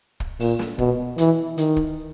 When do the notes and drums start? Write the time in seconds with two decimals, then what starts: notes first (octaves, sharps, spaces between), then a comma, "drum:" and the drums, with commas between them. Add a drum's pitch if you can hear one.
0.20 drum: kick
0.40 A#2, drum: open hi-hat
0.59 drum: snare
0.78 B2, drum: kick
1.18 E3, drum: hi-hat
1.58 D#3, drum: hi-hat
1.77 drum: kick